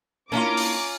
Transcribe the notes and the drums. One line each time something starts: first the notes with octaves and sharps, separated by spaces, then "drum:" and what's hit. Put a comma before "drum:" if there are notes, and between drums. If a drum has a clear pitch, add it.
A#3 C#4 D4 E4 F4 A#5 D6
drum: open hi-hat